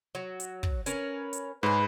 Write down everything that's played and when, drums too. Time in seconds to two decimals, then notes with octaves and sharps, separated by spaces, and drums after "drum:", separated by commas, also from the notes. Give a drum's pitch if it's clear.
0.15 F#3
0.40 drum: hi-hat
0.63 drum: kick
0.86 C#4 A#4 B4, drum: hi-hat
1.33 drum: hi-hat
1.63 G#2 G#4 B4 C#5